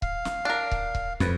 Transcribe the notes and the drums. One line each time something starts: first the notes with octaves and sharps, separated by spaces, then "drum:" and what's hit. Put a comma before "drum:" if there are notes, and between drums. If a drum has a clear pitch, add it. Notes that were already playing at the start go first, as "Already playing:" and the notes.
F5, drum: kick C#1
drum: snare
D4 A#4
drum: kick C#1
drum: kick C#1
F2 B4, drum: snare